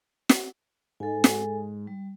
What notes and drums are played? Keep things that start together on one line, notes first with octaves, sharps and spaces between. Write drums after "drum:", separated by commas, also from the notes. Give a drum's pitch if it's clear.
drum: snare
G#2 A4 G#5
drum: snare
G3